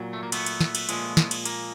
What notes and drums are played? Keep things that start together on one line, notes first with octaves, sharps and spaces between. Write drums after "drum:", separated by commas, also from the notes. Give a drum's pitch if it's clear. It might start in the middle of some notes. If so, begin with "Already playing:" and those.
Already playing: A#2 F#3
A3
A#3
A3 B3, drum: cymbal
drum: cymbal
drum: snare
drum: cymbal
A#2 F3 G#3, drum: cymbal
drum: snare
drum: cymbal
A#3, drum: cymbal